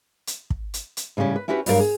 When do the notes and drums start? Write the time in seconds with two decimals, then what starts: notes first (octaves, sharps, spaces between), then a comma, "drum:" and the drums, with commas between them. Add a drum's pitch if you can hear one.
0.27 drum: hi-hat
0.50 drum: kick
0.74 drum: hi-hat
0.97 drum: hi-hat
1.17 A2 C#3 G3 C#4 G4
1.36 B4
1.48 C#4 E4 F#4 G4 A#4 B4
1.66 G2 F#3 G3 F4 A#4 F5, drum: open hi-hat
1.80 G#4